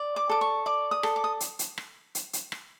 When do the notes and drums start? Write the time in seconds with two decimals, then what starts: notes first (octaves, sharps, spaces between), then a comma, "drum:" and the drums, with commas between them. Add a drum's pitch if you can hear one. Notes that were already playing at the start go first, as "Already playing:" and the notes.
Already playing: D5
0.16 D6
0.29 A4 D6
0.41 C#6
0.66 D5 D6
0.91 D#6
1.03 A4, drum: rim click
1.16 D6
1.24 D#6
1.40 drum: hi-hat
1.59 drum: hi-hat
1.78 drum: rim click
2.15 drum: hi-hat
2.33 drum: hi-hat
2.52 drum: rim click